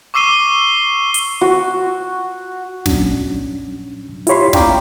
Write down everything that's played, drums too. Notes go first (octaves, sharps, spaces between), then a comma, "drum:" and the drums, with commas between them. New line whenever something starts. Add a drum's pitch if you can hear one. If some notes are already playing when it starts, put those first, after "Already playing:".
C#6 D6 E6 C7 D#7 G7
drum: hi-hat
F#4
A#2 F#3 C#4 D4, drum: snare
E4 F4 G4 C#5 B5 C6, drum: hi-hat
D5 F5 G5 A#5 B5 D6, drum: snare